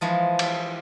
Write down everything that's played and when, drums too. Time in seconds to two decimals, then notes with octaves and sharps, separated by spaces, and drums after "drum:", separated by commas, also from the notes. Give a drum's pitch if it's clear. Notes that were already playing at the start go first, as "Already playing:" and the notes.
0.01 E3 F3 G#3
0.39 drum: cymbal